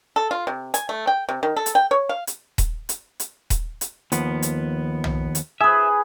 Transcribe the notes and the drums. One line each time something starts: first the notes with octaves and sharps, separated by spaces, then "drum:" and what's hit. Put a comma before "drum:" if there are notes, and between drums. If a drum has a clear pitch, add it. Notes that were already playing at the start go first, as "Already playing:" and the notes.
A4
F4
C3
G#5, drum: hi-hat
A3
G5
C3
D#3
A4
drum: hi-hat
G5
C#5
F5
drum: hi-hat
drum: kick D#1, hi-hat
drum: hi-hat
drum: hi-hat
drum: kick D#1, hi-hat
drum: hi-hat
D#2 F3 B3, drum: hi-hat
drum: hi-hat
drum: tom B1
drum: hi-hat
G#4 B4 E5